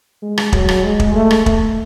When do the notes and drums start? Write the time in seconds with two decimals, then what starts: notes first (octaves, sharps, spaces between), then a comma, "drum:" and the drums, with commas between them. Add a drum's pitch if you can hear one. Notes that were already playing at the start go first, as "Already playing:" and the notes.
0.22 G#3
0.38 drum: rim click
0.52 F#3, drum: kick
0.69 drum: rim click
0.84 G#3
1.00 drum: kick
1.14 A3
1.31 drum: rim click
1.46 A3, drum: kick